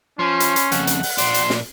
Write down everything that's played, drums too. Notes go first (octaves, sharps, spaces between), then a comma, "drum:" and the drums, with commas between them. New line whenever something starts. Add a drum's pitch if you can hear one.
F3 C#4 C6
drum: hi-hat
drum: hi-hat
F2 C#3 F#5, drum: hi-hat
drum: hi-hat
drum: open hi-hat
A#2 D4 C6, drum: hi-hat
drum: hi-hat
drum: snare